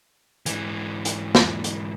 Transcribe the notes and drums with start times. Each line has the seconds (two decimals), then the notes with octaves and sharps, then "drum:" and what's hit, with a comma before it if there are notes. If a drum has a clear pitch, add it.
0.46 G#2 E3, drum: hi-hat
1.05 drum: hi-hat
1.35 drum: snare
1.64 drum: hi-hat